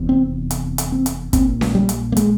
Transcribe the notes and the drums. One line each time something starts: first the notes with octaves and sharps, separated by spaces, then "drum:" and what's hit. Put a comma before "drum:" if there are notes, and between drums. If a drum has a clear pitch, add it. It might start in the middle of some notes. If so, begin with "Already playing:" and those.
Already playing: F1 E2 C3
C4
drum: hi-hat
drum: hi-hat
C4
drum: hi-hat
A#1 A#2 C4, drum: kick, hi-hat
drum: snare C#4
G3
drum: hi-hat
A#3
G#3, drum: hi-hat